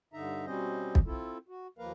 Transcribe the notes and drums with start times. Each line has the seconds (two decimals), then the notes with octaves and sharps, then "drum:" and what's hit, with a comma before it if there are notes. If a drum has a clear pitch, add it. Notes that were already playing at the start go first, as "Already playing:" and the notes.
0.13 G2 D3 D#4 E5 A#5
0.46 B2 G3 C4 C#4 C5 D#5
0.95 drum: kick
1.06 C4 E4 F4 A4
1.48 F#4
1.78 D#2 F3 A#3 A#4 B4 F5